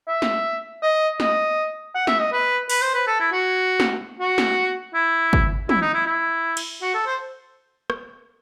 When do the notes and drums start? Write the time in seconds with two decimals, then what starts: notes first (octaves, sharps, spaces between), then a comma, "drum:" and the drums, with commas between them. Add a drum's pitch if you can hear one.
0.08 E5
0.22 drum: snare
0.82 D#5
1.20 D#5, drum: snare
1.95 F#5
2.07 E5, drum: snare
2.19 D#5
2.32 B4
2.70 B4, drum: open hi-hat
2.82 C5
2.94 B4
3.07 A4
3.20 E4
3.32 F#4
3.80 drum: snare
4.19 F#4
4.38 drum: snare
4.94 E4
5.33 drum: kick
5.69 E4, drum: tom
5.82 D#4
5.94 E4
6.06 E4
6.57 drum: cymbal
6.82 F#4
6.94 A4
7.06 C5
7.90 drum: rim click